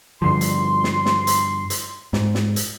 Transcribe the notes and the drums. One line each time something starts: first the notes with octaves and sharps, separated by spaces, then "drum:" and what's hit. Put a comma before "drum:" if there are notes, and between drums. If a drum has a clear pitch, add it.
G2 D3 F3 C6
drum: hi-hat
drum: snare
drum: snare
drum: hi-hat
drum: hi-hat
G#2, drum: snare
drum: snare
drum: hi-hat